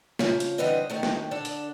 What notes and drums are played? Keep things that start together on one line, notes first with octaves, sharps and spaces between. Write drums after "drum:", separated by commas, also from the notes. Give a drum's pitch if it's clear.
C#3 F3, drum: snare
drum: hi-hat
D3 E3 G3 C4 B4 D#5
D#3 A3 C4
drum: snare
D3 D4 A4
drum: hi-hat